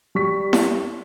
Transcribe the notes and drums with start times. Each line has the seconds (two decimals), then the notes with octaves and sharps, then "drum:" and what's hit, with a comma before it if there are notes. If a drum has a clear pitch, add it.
0.15 G3 C#6 B6
0.53 drum: snare E4